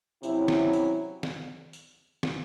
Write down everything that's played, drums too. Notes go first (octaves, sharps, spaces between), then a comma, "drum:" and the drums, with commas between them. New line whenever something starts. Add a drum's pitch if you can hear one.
C3 F#3 C#4 E4, drum: tambourine
drum: snare
drum: tambourine
drum: snare
drum: tambourine
drum: snare